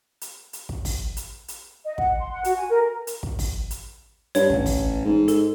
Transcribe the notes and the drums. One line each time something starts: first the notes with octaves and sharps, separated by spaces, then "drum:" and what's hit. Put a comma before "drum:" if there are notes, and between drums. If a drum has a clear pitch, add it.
drum: hi-hat
drum: hi-hat
drum: kick
drum: kick, open hi-hat
drum: hi-hat
drum: hi-hat
D#5
F#5, drum: kick
C6
F#5
F#4, drum: hi-hat
G#5
A#4
drum: hi-hat
drum: kick
drum: kick, open hi-hat
drum: hi-hat
G2 C#5, drum: hi-hat
A1, drum: kick
drum: kick, open hi-hat
G#2
A4, drum: hi-hat